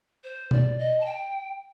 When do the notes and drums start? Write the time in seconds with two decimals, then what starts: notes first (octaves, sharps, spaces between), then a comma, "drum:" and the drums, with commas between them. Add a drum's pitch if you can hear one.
0.23 C5
0.51 D5, drum: tom B2
0.78 D#5
1.00 A5
1.05 G5